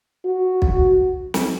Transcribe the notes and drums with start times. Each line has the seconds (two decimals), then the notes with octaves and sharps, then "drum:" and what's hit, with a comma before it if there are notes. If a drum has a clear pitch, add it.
0.25 F#4
0.62 drum: kick
1.34 drum: snare